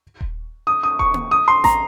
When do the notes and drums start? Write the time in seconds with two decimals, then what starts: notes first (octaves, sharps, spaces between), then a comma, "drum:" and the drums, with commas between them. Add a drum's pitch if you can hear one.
0.21 drum: kick D#1
0.67 D#6
0.83 D#6
0.99 C#6, drum: kick D#1
1.14 drum: tom A#3
1.31 D#6
1.48 C6
1.64 A#5, drum: snare A1